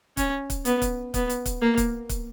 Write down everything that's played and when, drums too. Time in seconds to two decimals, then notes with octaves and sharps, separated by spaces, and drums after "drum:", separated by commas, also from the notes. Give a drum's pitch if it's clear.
0.17 C#4, drum: kick, hi-hat
0.50 drum: kick, hi-hat
0.65 B3, drum: hi-hat
0.82 drum: kick, hi-hat
1.14 B3, drum: kick, hi-hat
1.30 drum: hi-hat
1.46 drum: kick, hi-hat
1.61 A#3
1.77 drum: kick, hi-hat
2.09 drum: kick, hi-hat